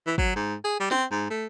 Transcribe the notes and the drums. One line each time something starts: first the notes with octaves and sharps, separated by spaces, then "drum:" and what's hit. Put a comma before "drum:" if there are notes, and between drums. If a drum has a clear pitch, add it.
E3
F#3, drum: kick
G#2
G#4
G3
C4, drum: snare
G#2
A3